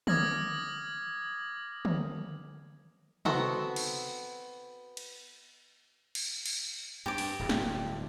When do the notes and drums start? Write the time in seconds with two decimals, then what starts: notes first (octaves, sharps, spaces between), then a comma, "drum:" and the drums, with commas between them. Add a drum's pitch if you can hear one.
0.07 D6 D#6 F6 G#6 A#6 F#7, drum: tom
1.85 drum: tom
3.25 B3 C4 F#4 A4, drum: tom
3.76 drum: cymbal
4.97 drum: cymbal
6.15 drum: cymbal
6.46 drum: cymbal
7.06 G2 G4 D6
7.18 drum: open hi-hat
7.39 D1 G2
7.49 drum: snare